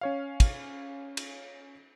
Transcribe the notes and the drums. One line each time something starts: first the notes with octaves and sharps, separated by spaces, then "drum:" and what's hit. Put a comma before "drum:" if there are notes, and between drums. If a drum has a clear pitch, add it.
C#4 C#5 F5
drum: kick, cymbal
drum: cymbal